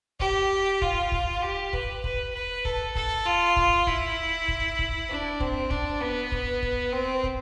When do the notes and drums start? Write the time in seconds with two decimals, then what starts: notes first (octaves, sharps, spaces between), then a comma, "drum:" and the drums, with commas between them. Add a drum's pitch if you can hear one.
0.20 G4, drum: kick
0.82 F4, drum: kick
1.12 drum: kick
1.42 G4
1.73 B4, drum: kick
2.04 B4, drum: kick
2.34 B4
2.65 A4, drum: kick
2.95 A4, drum: kick
3.25 F4
3.56 drum: kick
3.87 E4, drum: kick
4.48 drum: kick
4.79 drum: kick
5.10 D4
5.40 C4, drum: kick
5.70 D4, drum: kick
6.01 B3
6.32 drum: kick
6.62 drum: kick
6.93 C4
7.24 drum: kick